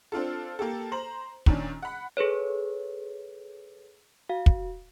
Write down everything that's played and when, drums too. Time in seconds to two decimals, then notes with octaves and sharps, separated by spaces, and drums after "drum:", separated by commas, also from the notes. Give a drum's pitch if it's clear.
0.12 C4 D4 F4 A4
0.59 A#3 G4 A4
0.92 C5 A#5 F#7
1.46 A#2 D#3 C#4 D4, drum: kick
1.82 F#5 B5
2.17 G#4 A4 B4 C#5
4.29 F#4 F5
4.46 drum: kick